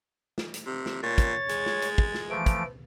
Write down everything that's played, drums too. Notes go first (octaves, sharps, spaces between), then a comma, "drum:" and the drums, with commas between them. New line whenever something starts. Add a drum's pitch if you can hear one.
drum: snare
drum: hi-hat
C3
drum: snare
A#2 C#5 A6
drum: kick, hi-hat
G#3, drum: hi-hat
drum: snare
drum: hi-hat
drum: kick
drum: snare
E3 F3 A3 D7
drum: kick, hi-hat